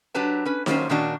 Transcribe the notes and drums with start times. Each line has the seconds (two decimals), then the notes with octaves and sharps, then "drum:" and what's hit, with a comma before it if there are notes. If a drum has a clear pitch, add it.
0.14 F#3 D4 G4 B4 A5
0.45 C#4 B4
0.66 D#3 F#3 G3 A#3 C#4 C5, drum: snare D#4
0.89 A#2 D#3 A#3 C#4 D4 F#4